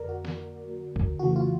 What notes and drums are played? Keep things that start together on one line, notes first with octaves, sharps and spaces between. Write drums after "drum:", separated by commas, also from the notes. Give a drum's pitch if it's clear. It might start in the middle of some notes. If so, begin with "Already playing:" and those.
Already playing: F2 D3 F#3 A#3 A#4 D5
F#4
drum: snare
drum: kick
F2 C#3 E3 A3 F#4
F4